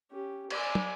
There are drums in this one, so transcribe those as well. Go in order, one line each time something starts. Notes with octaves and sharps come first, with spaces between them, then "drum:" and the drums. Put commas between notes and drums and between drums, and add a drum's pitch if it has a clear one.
C#4 G4
D5 G#5, drum: cymbal
drum: tom